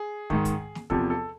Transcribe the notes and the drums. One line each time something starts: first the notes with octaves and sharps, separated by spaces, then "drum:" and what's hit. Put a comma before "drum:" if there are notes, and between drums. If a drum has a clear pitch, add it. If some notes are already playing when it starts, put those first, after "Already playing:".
Already playing: G#4
G#2 D#3, drum: kick
drum: kick, hi-hat
drum: snare
E2 C3 F3 A4, drum: kick
A4